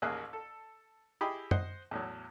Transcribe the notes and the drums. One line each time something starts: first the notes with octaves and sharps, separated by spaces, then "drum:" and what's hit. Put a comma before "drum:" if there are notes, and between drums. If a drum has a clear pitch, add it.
A1 D#2 A#3 G#4 E5 F#6
A4
E4 G4 G#4 D#5 G5 B5
C5 D#5 F#5 C6, drum: tom
E2 A2 F#3